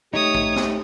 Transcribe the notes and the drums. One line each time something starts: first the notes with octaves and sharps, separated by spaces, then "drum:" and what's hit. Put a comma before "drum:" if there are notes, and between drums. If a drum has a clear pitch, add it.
A3 D#4 G4 C#5 D#6
drum: kick A1
drum: snare